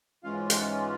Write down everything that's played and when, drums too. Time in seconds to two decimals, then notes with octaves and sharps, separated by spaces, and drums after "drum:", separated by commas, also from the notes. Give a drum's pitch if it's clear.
0.24 G#2 E3 G#3 C#4 F4 F5
0.50 G5, drum: hi-hat
0.54 F#5